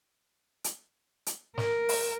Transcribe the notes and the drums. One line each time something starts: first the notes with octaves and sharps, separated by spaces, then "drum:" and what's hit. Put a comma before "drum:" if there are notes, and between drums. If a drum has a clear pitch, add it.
drum: hi-hat
drum: hi-hat
A#4, drum: snare
drum: open hi-hat